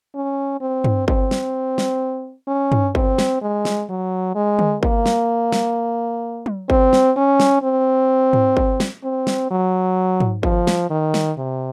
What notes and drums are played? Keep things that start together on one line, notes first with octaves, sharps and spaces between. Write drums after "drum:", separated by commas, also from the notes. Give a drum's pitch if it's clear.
C#4
C4
drum: tom G2
C4, drum: kick G1
drum: snare
drum: snare
C#4
drum: tom G2
C4, drum: kick G1
drum: snare
G#3
drum: snare
F#3
G#3
drum: tom D3
A#3, drum: kick G1
drum: snare
drum: snare
drum: tom F#3
C4, drum: kick G1
drum: snare
C#4
drum: snare
C4
drum: tom G#2
drum: kick G1
drum: snare
C4
drum: snare
F#3
drum: tom G#2
F3, drum: kick G1
drum: snare
D#3
drum: snare
C3